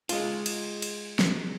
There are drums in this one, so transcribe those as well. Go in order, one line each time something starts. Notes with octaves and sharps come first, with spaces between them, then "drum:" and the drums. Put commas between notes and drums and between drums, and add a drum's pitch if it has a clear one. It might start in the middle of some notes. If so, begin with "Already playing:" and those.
G#3 F4, drum: cymbal
drum: cymbal
drum: cymbal
drum: snare